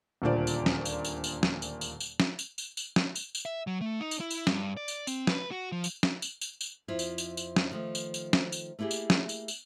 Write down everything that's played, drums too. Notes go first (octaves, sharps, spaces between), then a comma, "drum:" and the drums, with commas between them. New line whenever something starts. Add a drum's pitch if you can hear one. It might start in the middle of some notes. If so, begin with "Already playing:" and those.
D#1 D2 A#2 F4 C5 D5
drum: tambourine
drum: snare
drum: tambourine
drum: tambourine
drum: tambourine
drum: snare
drum: tambourine
drum: tambourine
drum: tambourine
drum: snare
drum: tambourine
drum: tambourine
drum: tambourine
drum: snare
drum: tambourine
drum: tambourine
E5
F#3
A3
D#4
drum: tambourine
E4
drum: tambourine
G2, drum: snare
D5
drum: tambourine
C4, drum: tambourine
B4, drum: snare
F#4
F3
drum: tambourine
drum: snare
drum: tambourine
drum: tambourine
drum: tambourine
F2 F3 E4 F4
drum: tambourine
drum: tambourine
drum: tambourine
drum: snare
D#3 F3 A3
drum: tambourine
drum: tambourine
drum: snare
drum: tambourine
A3 A#3 E4 G4 G#4
drum: tambourine
drum: snare
drum: tambourine
drum: tambourine